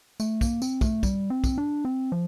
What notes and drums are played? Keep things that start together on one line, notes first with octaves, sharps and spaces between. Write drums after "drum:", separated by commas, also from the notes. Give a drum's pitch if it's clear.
A3, drum: tambourine
A#3, drum: kick, tambourine
C4, drum: tambourine
A3, drum: kick, tambourine
G3, drum: kick, tambourine
C4
drum: kick, tambourine
D4
C4
F3